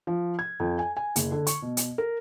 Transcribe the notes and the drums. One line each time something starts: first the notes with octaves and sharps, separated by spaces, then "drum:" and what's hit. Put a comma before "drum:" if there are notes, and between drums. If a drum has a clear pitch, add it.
F3
G#6
F2
G#5
G#5
F#1, drum: hi-hat
D3
C#6, drum: hi-hat
B2
drum: hi-hat
A#4